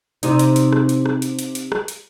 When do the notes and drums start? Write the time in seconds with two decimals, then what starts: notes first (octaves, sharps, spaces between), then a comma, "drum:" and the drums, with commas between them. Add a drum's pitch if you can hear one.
0.23 C3 D#4, drum: hi-hat
0.39 drum: hi-hat
0.56 drum: hi-hat
0.72 drum: rim click
0.89 drum: hi-hat
1.06 drum: rim click
1.22 drum: hi-hat
1.39 drum: hi-hat
1.55 drum: hi-hat
1.72 drum: rim click
1.88 drum: hi-hat